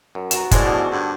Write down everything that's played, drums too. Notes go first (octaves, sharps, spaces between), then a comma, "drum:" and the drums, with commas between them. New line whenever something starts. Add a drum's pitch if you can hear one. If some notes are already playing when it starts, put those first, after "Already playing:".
F#2
D#2 B3 F#4 A#5 E7, drum: hi-hat
A2 G#3 G#4 C5 D5, drum: kick, hi-hat
B2 D3 E3
G2 D3